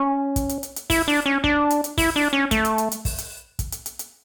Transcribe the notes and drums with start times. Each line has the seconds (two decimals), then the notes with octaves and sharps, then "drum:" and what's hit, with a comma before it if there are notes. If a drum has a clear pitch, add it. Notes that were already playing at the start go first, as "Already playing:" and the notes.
Already playing: C#4
0.36 drum: kick, hi-hat
0.49 drum: hi-hat
0.63 drum: hi-hat
0.76 drum: hi-hat
0.90 E4, drum: kick, open hi-hat
1.08 D4
1.26 C#4
1.44 D4, drum: kick
1.70 drum: hi-hat
1.84 drum: hi-hat
1.98 E4, drum: kick, open hi-hat
2.16 D4
2.33 C#4
2.51 A3, drum: kick, hi-hat
2.65 drum: hi-hat
2.78 drum: hi-hat
2.92 drum: hi-hat
3.05 drum: kick, open hi-hat
3.18 drum: hi-hat
3.59 drum: kick, hi-hat
3.72 drum: hi-hat
3.86 drum: hi-hat
3.99 drum: hi-hat